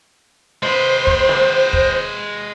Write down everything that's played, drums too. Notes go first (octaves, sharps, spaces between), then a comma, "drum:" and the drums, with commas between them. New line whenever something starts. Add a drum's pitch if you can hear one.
G#3 B4 C5
drum: kick
drum: snare
drum: kick